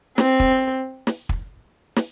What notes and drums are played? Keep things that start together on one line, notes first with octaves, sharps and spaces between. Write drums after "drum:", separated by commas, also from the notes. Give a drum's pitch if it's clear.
C4, drum: snare
drum: kick
drum: snare
drum: kick
drum: snare